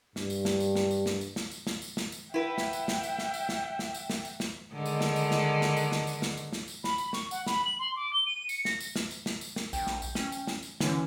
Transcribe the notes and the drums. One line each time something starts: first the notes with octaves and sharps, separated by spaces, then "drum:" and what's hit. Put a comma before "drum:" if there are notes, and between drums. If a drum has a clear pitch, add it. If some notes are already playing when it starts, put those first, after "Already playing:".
G2, drum: snare
drum: tambourine
drum: snare
drum: tambourine
drum: snare
drum: tambourine
drum: snare
drum: tambourine
drum: snare
drum: tambourine
drum: snare
drum: tambourine
drum: snare
drum: tambourine
E4 B4 E5 F#5 G5
drum: snare
drum: tambourine
drum: snare
drum: tambourine
drum: snare
drum: tambourine
drum: snare
drum: snare
drum: tambourine
drum: snare
drum: tambourine
drum: snare
D3 D#3 G#3
drum: tambourine
drum: snare
drum: tambourine
drum: snare
drum: snare
drum: tambourine
drum: snare
drum: tambourine
drum: snare
drum: tambourine
drum: snare
drum: tambourine
B5, drum: snare
B5, drum: tambourine
C#6, drum: snare
F#5, drum: tambourine
B5, drum: snare
F#7
C6
D6
G7
D#7
C#7, drum: tambourine
A#6, drum: snare
drum: tambourine
drum: snare
drum: tambourine
drum: snare
drum: tambourine
drum: snare
A#1 G5, drum: tambourine
drum: snare
drum: tambourine
C#4, drum: snare
drum: tambourine
drum: snare
drum: tambourine
D3 E3 C#4, drum: snare